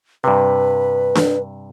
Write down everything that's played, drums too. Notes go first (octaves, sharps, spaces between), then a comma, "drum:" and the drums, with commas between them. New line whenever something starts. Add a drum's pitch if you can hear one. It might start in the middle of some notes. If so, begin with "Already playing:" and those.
G2 C3 B4
drum: snare D4